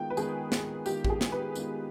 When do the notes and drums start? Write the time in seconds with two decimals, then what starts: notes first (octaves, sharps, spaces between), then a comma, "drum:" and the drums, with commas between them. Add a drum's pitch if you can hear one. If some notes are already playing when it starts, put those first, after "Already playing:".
Already playing: D#3 G#3 B3 F4 G5
0.10 B4
0.17 D#3 G#3 B3 F4 G#4, drum: tambourine
0.52 drum: snare
0.86 D#3 G#3 B3 F4 G4, drum: tambourine
1.05 G4, drum: kick A1
1.10 G#4
1.21 drum: snare
1.32 B4
1.55 D#3 G#3 B3 F4, drum: tambourine